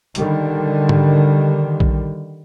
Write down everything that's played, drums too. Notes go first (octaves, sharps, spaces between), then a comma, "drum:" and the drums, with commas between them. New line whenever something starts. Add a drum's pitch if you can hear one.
D3 D#3 G3, drum: hi-hat
drum: tom G#2
drum: kick A#1